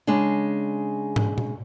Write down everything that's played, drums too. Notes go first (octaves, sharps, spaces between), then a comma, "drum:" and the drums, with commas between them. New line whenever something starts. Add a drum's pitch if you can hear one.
C#3 G#3 D4
drum: tom
drum: tom A#2